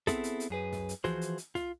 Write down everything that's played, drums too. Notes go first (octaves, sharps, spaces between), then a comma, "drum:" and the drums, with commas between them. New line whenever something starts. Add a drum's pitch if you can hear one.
B3 C4 E4 G#4 A4, drum: kick, hi-hat
drum: hi-hat
drum: hi-hat
F#2 G#4 B4
drum: snare
drum: hi-hat
E3 F3 F#4 G#4 C5, drum: snare
drum: hi-hat
drum: hi-hat
F4, drum: snare